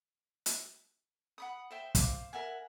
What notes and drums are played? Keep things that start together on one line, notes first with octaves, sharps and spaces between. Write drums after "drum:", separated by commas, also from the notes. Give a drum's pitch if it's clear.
drum: hi-hat
F#5 B5 D#6
C5 E5 G5
C5 F5 D6, drum: kick, hi-hat
A#4 E5 F#5 G#5